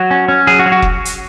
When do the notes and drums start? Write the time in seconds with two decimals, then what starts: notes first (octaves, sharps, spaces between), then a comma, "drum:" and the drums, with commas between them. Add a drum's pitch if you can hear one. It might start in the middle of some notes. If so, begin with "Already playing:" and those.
Already playing: F#3 F#4
0.11 C#4
0.28 C#4
0.47 F#3 G#4
0.59 F#4
0.66 F#3
0.72 F#4
0.82 drum: kick F1
1.05 drum: hi-hat